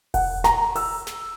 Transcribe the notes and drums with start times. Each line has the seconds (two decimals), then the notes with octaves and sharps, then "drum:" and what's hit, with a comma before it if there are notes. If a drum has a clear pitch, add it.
0.14 F#5, drum: kick E1, open hi-hat
0.44 A#5, drum: snare
0.76 E6, drum: open hi-hat
1.07 drum: snare